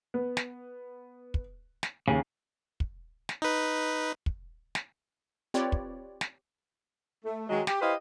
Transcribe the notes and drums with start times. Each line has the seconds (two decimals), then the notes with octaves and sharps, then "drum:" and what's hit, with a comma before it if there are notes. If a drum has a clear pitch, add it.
0.14 B3
0.37 drum: snare
1.34 drum: kick
1.83 drum: snare
2.08 D#2 C#3
2.80 drum: kick
3.29 drum: snare
3.42 D#4 B4
4.26 drum: kick
4.75 drum: snare
5.54 C4 F4 G4 B4 C#5 D5
5.72 drum: kick
6.21 drum: snare
7.25 A3
7.49 D#3 F#3 G#3
7.67 G4, drum: snare
7.81 E4 G4 B4 C5 D#5 F5